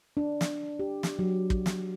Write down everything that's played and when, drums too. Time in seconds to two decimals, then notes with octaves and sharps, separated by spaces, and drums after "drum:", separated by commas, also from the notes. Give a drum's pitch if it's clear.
0.17 D4
0.41 drum: snare
0.79 G4
1.03 drum: snare
1.19 F#3
1.50 drum: kick
1.66 drum: snare